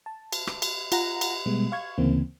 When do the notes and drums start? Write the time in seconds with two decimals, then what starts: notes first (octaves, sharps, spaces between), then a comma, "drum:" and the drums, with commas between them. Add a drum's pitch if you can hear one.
0.06 A5
0.32 drum: cymbal
0.47 drum: rim click
0.62 drum: cymbal
0.92 F4 F#5 A#5, drum: cymbal
1.21 drum: cymbal
1.46 B2 G3 G#3 B3
1.72 F5 C#6 G#6
1.98 D2 C#3 E3 A#3 C4